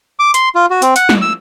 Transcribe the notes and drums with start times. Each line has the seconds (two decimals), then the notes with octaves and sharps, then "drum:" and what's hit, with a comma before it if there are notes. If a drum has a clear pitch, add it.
0.19 D6
0.34 C6, drum: hi-hat
0.55 F4
0.70 F#4
0.82 C4, drum: hi-hat
0.96 F#5, drum: hi-hat
1.09 drum: snare
1.22 E6